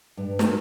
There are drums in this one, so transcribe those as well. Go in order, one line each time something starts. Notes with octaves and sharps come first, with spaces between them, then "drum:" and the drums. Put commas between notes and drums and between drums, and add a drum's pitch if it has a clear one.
G2
drum: snare